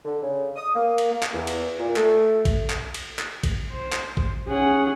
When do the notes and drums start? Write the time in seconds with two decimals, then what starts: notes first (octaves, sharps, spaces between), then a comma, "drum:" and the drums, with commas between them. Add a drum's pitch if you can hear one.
0.05 D3
0.23 C#3
0.56 D#6
0.75 A#3
0.98 drum: cymbal
1.12 A#3
1.23 drum: clap
1.33 E2
1.47 drum: cymbal
1.79 A#2
1.96 A3, drum: clap
2.45 drum: kick A1, cymbal
2.70 drum: clap
2.94 drum: cymbal
3.19 drum: clap
3.43 drum: kick A1, cymbal
3.72 C5
3.93 drum: clap
4.17 drum: kick A1
4.48 C#4 G#4 F#5